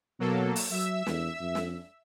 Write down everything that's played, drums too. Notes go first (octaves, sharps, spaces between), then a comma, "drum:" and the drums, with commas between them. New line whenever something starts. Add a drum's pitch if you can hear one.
B2 F#3 A#3 A4
drum: open hi-hat
F#3 E5 E6
E2, drum: snare
F2
drum: snare